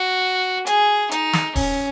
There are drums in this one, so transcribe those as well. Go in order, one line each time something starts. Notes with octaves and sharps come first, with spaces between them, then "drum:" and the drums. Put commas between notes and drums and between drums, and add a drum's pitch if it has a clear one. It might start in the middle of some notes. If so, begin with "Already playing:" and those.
Already playing: F#4
G#4, drum: hi-hat
D#4, drum: hi-hat
drum: snare
C#4, drum: kick D#1, open hi-hat